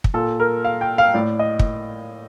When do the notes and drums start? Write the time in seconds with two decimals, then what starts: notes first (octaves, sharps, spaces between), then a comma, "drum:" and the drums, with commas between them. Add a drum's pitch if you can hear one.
0.04 drum: kick
0.14 A#2 A4
0.40 A#4
0.65 F5
0.81 G5
0.98 F5
1.14 A2 D5
1.39 D#5
1.59 drum: kick